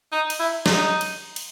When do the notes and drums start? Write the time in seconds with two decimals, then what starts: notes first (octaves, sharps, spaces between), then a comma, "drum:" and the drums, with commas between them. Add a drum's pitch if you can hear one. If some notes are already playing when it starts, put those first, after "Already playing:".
0.12 D#4
0.30 drum: cymbal
0.39 E4
0.66 D#4, drum: snare
1.01 drum: cymbal
1.36 drum: cymbal